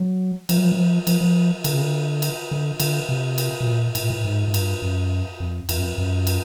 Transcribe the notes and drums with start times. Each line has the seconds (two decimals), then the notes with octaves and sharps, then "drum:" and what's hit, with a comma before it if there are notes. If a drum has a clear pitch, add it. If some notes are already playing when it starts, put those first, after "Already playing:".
Already playing: F#3
0.49 F3, drum: cymbal
0.57 F#3
0.64 F3
0.72 F#3
0.78 F3
1.07 F3, drum: cymbal
1.21 F3
1.64 D3, drum: cymbal
1.74 C#3
1.81 D3
2.22 drum: cymbal
2.51 D3
2.80 D3, drum: cymbal
3.09 C3
3.38 drum: cymbal
3.60 B2
3.67 A#2
3.95 A2, drum: cymbal
4.03 A#2
4.10 A2
4.24 G#2
4.48 G#2
4.54 G2, drum: cymbal
4.82 F#2
5.40 F2
5.69 E2, drum: cymbal
5.77 F#2
5.83 F2
5.98 F#2
6.27 drum: cymbal